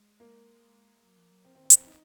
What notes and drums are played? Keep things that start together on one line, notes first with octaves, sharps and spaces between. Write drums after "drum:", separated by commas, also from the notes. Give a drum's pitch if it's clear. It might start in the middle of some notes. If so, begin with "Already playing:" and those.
Already playing: G#3
A#3
F#3
F3
F#3
F3 C4
D#3 C4
C4
F3, drum: hi-hat
C4
D#4